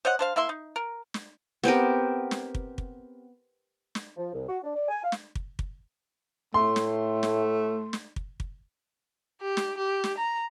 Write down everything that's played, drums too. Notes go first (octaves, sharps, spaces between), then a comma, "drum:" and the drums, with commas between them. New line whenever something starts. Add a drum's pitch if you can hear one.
C5 C#5 D#5 F#5
D4 C5 F5
A#3 E4 E5 C6
D#4
A#4
drum: snare
B3 C4 G4 A#4, drum: snare
drum: snare
drum: kick
drum: kick
drum: snare
F3
C2
F#4
D4
D5
G#5
F5
drum: snare
drum: kick
drum: kick
A2 A3 C6
drum: snare
drum: snare
drum: snare
drum: kick
drum: kick
G4
drum: snare
G4
drum: snare
A#5